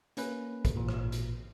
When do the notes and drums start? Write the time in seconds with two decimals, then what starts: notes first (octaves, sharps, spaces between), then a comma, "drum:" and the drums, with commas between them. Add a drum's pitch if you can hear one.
0.17 A#3 C#4 B4, drum: hi-hat
0.65 drum: kick, hi-hat
0.76 A1 A#2
0.89 drum: rim click
1.12 drum: hi-hat